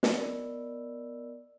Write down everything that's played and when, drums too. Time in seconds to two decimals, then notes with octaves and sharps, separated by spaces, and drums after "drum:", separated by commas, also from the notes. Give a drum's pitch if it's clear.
0.03 B3 A#4 D5 D#5 E6, drum: snare